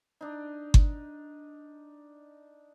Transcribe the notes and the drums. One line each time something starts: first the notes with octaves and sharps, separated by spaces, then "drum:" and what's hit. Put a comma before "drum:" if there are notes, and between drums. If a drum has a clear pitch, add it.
D4 D#4
drum: kick G1